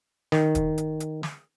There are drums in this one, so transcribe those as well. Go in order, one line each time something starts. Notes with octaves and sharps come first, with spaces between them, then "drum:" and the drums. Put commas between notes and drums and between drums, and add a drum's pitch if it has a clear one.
D#3, drum: snare
drum: kick, hi-hat
drum: hi-hat
drum: hi-hat
drum: snare